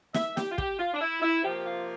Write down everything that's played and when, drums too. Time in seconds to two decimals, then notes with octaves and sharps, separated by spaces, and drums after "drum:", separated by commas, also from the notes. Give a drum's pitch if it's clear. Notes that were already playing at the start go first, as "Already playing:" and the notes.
0.14 E5, drum: snare
0.37 G4, drum: snare
0.52 F4
0.58 G4, drum: kick
0.79 F4
0.94 D4
1.01 E4
1.22 E4
1.43 C3 F3 A#3 G4
1.64 F4